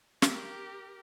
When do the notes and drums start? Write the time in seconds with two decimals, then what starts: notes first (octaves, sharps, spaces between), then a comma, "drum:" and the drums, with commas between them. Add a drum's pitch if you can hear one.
0.22 G4 A#4, drum: snare